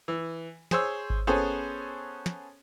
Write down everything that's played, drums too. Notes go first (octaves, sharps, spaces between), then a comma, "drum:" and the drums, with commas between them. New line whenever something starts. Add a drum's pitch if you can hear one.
E3
G#4 C5 C#5 E6, drum: snare
drum: kick G#1
B3 C#4 G#4 A4 C5
drum: snare